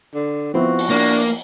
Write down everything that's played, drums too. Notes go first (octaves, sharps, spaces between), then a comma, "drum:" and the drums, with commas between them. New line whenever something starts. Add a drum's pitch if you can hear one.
D3
F3 B3 C4 E4 F#4
drum: open hi-hat
A#3 D4